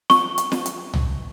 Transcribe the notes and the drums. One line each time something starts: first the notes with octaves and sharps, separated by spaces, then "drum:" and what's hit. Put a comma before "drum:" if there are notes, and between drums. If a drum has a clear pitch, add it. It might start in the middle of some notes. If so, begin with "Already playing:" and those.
C#6, drum: snare
drum: hi-hat
drum: snare
drum: hi-hat
drum: tom